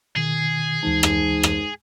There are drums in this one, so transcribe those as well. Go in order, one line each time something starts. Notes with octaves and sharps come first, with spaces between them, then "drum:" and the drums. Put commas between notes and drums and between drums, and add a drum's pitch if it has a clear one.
B2 D#3 G#4
D2 G#2 E3 A5
drum: rim click
drum: rim click